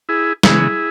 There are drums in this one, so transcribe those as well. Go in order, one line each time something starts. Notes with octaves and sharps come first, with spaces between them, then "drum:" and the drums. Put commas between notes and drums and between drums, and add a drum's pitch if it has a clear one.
E4 G#4
C#3 E3 G#3 B3 E4 G#4, drum: snare